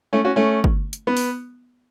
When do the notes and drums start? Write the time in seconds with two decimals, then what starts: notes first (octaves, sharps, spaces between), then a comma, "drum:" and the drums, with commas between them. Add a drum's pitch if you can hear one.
0.13 A3 C#4
0.25 C#4 F#4
0.36 A3 C#4
0.64 drum: kick
0.93 drum: hi-hat
1.07 B3
1.17 drum: open hi-hat